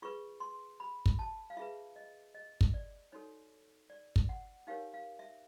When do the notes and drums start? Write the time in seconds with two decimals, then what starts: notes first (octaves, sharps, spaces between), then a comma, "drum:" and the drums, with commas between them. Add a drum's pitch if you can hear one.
0.02 F4 G#4 B4 C#6
0.40 C6
0.80 B5
1.06 drum: kick
1.19 A5
1.50 F5
1.57 F4 G#4 B4 E5
1.96 D#5
2.35 D#5
2.61 drum: kick
2.74 D5
3.12 D#4 F#4 A4 C#5
3.90 D5
4.16 drum: kick
4.29 F#5
4.67 D#4 G4 A#4 C#5 F5
4.94 F5
5.19 E5